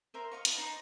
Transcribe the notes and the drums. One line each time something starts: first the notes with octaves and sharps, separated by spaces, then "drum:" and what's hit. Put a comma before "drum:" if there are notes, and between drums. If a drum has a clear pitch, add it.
A#4 C5 E5
D#5 F5 C#6
E4 B4 D#5 A5, drum: hi-hat
D#4 C5 D5 D#5